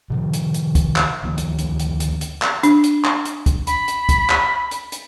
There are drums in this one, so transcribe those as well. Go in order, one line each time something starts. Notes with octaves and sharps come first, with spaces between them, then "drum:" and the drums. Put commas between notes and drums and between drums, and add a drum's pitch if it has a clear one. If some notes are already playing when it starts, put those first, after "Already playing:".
C3 D#3 F3
drum: hi-hat
drum: hi-hat
drum: kick, hi-hat
drum: clap
D2 D#3 F3 A#3
drum: hi-hat
drum: hi-hat
drum: hi-hat
drum: hi-hat
drum: hi-hat
drum: clap
D4, drum: hi-hat
drum: hi-hat
drum: clap
drum: hi-hat
drum: kick, hi-hat
B5, drum: hi-hat
drum: hi-hat
drum: kick, hi-hat
drum: clap
drum: hi-hat
drum: hi-hat